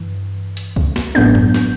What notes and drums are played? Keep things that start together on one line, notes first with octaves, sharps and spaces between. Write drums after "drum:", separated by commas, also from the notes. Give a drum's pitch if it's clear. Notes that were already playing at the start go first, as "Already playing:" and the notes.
Already playing: G2 E3
drum: hi-hat
drum: kick C#2
drum: snare
A1 A2 F#3 B3 D4 G6
drum: tom F#2
drum: snare